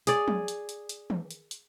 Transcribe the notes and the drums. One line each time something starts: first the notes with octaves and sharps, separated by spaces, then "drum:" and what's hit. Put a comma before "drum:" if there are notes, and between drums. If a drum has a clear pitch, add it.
G#4 D5, drum: hi-hat
drum: tom F3
drum: hi-hat
drum: hi-hat
drum: hi-hat
drum: tom
drum: hi-hat
drum: hi-hat